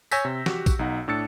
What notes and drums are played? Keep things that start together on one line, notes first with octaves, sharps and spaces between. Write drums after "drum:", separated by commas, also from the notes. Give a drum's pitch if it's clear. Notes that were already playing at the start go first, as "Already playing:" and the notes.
C#5 G#5 E6 G6 A#6 B6, drum: tambourine
C3
F#4 G4, drum: snare
drum: kick, tambourine
B1 D#4 F#5
A2 D4 E6 A6 C#7